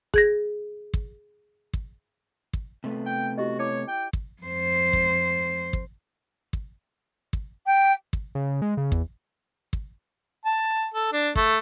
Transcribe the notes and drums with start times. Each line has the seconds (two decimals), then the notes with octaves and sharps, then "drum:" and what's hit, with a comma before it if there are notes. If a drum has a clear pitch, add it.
0.14 G#4 G#6 A#6, drum: kick
0.94 drum: kick
1.74 drum: kick
2.54 drum: kick
2.84 C3 A3 B3
3.06 G5
3.38 E4 F#4 G4 D#5
3.59 E4 C#5 A5 D6
3.88 G5
4.13 drum: kick
4.43 F2 C5
4.93 drum: kick
5.73 drum: kick
6.53 drum: kick
7.33 drum: kick
7.66 G5
8.13 drum: kick
8.35 C#3
8.62 G#3
8.77 C#3
8.92 E2, drum: kick
9.73 drum: kick
10.45 A5
10.94 A4
11.12 D4
11.36 A3, drum: kick